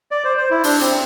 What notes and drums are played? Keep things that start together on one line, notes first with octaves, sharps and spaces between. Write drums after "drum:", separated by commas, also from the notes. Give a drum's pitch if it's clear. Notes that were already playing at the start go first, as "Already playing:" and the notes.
D5
C5
C5
E4
D4, drum: open hi-hat
C4, drum: hi-hat